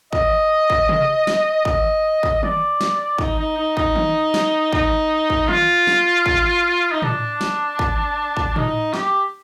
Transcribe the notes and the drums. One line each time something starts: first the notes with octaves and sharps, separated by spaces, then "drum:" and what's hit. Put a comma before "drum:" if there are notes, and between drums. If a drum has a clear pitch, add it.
D#5, drum: kick
drum: kick
drum: tom C3
drum: snare
D#5, drum: kick
drum: kick
D5, drum: tom D#3
drum: snare
D#4, drum: kick
D#4
D#4
D#4, drum: kick
drum: tom D#3
drum: snare
D#4, drum: kick
drum: kick
F4, drum: tom D#3
drum: snare
drum: kick
D#4
D4, drum: tom A2
drum: snare
drum: kick
drum: kick
D#4, drum: tom A2
G4, drum: snare